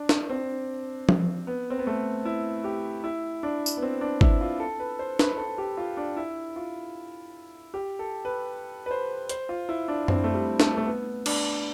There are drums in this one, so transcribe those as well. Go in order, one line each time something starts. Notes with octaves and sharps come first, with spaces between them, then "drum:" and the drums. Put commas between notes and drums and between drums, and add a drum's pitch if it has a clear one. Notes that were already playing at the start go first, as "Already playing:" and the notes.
Already playing: D4
drum: snare
C4
drum: tom F3
B3
C4
B3
A3
E4
G4
E4
D4
drum: tambourine
B3
C4
D4
E4, drum: kick
F4
A4
B4
C5
B4, drum: snare
B4
A4
G4
F4
D4
E4
F4
G4
A4
B4
B4
C5
C5, drum: hi-hat
F4
E4
D4
C4, drum: tom F#2
A3
G3
A3, drum: snare
A3
B3
D4, drum: cymbal